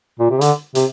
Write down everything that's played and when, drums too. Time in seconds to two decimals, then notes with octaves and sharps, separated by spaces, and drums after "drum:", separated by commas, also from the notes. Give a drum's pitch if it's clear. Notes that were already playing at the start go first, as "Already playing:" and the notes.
0.19 A#2
0.30 C3
0.41 D3, drum: hi-hat
0.75 C3, drum: hi-hat